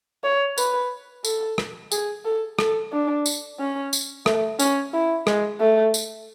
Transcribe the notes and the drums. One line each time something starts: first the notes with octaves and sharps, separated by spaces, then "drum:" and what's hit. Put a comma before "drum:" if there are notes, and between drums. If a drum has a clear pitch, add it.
C#5
B4, drum: tambourine
A4, drum: tambourine
drum: rim click
G#4, drum: tambourine
A4
A4, drum: rim click
D4
drum: tambourine
C#4
drum: tambourine
A3, drum: rim click
C#4, drum: tambourine
E4
G#3, drum: rim click
A3
drum: tambourine